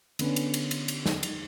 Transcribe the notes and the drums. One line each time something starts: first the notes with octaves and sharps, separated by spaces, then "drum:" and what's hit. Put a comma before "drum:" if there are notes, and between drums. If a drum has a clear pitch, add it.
D3 B3 C#4, drum: cymbal
drum: cymbal
drum: cymbal
drum: cymbal
drum: cymbal
drum: snare
drum: cymbal